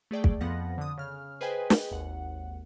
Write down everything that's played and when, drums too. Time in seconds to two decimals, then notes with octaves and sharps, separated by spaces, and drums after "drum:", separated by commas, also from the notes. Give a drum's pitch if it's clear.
0.11 A3 G#4 D5 G5
0.24 drum: kick
0.41 F2 F3 B3 F#5 A#6
0.78 D3 D#6
0.98 C#3 F6
1.41 G#4 B4 C5 D#5 G5 G#5
1.70 drum: snare
1.91 G#1 D#2 F#5